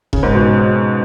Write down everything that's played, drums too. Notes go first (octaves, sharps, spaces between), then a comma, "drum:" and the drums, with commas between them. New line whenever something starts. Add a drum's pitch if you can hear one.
C#3, drum: kick E1
G#2
B2